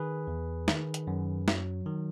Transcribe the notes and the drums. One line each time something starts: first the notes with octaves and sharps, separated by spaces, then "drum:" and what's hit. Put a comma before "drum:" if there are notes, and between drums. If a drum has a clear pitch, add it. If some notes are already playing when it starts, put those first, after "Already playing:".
Already playing: D#3 G#4 B4
E2
D#3, drum: snare
drum: hi-hat
F#2
F#3, drum: snare
D#3